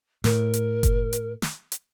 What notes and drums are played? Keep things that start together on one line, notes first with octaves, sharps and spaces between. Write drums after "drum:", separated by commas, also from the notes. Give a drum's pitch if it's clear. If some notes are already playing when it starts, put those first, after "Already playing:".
A2 A#4, drum: snare
drum: hi-hat
drum: kick F#1, hi-hat
drum: hi-hat
drum: snare
drum: hi-hat